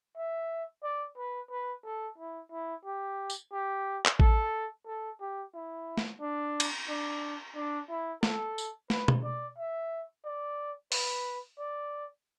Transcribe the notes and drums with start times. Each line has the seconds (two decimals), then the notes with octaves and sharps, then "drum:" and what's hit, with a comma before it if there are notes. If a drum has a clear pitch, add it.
0.17 E5
0.83 D5
1.18 B4
1.51 B4
1.84 A4
2.18 E4
2.51 E4
2.85 G4
3.30 drum: tambourine
3.52 G4
4.05 drum: clap
4.20 A4, drum: kick A1
4.87 A4
5.21 G4
5.54 E4
5.97 drum: snare
6.21 D4
6.60 drum: cymbal
6.89 D4
7.55 D4
7.90 E4
8.23 A4, drum: snare
8.58 drum: tambourine
8.90 B4, drum: snare
9.08 drum: tom B2
9.24 D5
9.57 E5
10.25 D5
10.92 B4, drum: open hi-hat
11.59 D5